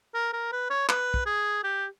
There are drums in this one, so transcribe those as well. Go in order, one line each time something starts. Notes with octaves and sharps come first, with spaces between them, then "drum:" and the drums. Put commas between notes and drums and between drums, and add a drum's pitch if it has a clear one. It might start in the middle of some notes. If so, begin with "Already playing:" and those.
A#4
A#4
B4
C#5
B4, drum: clap
drum: kick
G#4
G4